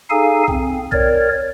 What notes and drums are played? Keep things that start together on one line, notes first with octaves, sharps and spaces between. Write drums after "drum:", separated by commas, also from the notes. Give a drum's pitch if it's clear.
D#4 G#4 A4 F5 G#5
C4, drum: kick B1
A#4 C#5 D5, drum: kick B1